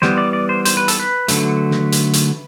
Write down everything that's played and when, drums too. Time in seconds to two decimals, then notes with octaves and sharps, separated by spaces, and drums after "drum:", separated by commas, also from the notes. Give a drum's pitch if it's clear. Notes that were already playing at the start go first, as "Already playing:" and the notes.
0.02 E3 G3 B3 C5, drum: snare
0.18 D5
0.33 D5
0.49 C5
0.65 C5, drum: hi-hat
0.77 B4
0.88 A4, drum: hi-hat
1.00 B4
1.28 D3 F#3 A3, drum: hi-hat
1.71 drum: snare
1.92 drum: hi-hat
2.13 drum: hi-hat